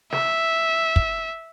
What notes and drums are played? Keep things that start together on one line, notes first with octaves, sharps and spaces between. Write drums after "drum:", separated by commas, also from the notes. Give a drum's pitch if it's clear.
E5, drum: snare
drum: kick